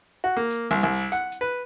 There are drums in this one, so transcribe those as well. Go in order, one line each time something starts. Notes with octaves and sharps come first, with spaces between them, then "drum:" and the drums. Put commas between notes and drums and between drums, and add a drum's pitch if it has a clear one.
F#4
A#3
drum: hi-hat
C2
C2
F#5, drum: hi-hat
drum: hi-hat
B4